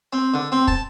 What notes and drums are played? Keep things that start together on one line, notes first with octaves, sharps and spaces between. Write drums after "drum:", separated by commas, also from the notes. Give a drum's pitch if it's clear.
C4
D3
C4
A5, drum: kick